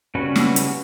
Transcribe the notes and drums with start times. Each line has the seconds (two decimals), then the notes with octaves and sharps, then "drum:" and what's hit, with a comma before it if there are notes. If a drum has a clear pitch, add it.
0.15 C#3 G3 C#4 F#4 B4
0.36 drum: snare
0.56 drum: hi-hat